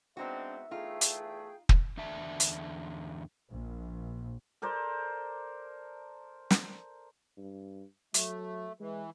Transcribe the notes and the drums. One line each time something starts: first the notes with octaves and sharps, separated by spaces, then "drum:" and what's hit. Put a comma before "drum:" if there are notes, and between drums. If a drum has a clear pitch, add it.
G#3 B3 C4 D4 D#4 F#4 E5
E2 A3 D#4 F4 G#4 G5
drum: hi-hat
drum: kick
E2 D3 D5 E5 A5
drum: hi-hat
A#1
A4 A#4 C5 D5
drum: snare
G2
F#3 A3, drum: hi-hat
E3 G#3